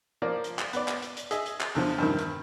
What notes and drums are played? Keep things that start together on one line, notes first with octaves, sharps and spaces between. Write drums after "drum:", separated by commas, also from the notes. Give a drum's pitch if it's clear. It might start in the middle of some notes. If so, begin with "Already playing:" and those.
F3 A#3 D5
drum: hi-hat
drum: clap
B3 D5, drum: hi-hat
drum: clap
drum: hi-hat
drum: hi-hat
G#4 D#5 E5, drum: hi-hat
drum: hi-hat
drum: clap
E2 D3 F3, drum: open hi-hat
G2 C3 D#3
drum: hi-hat